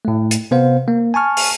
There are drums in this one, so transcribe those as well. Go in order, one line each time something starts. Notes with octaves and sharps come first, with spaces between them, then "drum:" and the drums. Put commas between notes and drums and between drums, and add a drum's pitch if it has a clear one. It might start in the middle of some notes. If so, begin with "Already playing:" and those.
A2 A3
drum: hi-hat
C3 B3 C5 F5
A#3
G#5 A5 C#6 F6
drum: open hi-hat